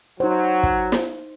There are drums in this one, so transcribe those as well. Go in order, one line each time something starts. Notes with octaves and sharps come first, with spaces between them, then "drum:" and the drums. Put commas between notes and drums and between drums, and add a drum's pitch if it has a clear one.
F#3 D#4 C5
drum: kick
drum: snare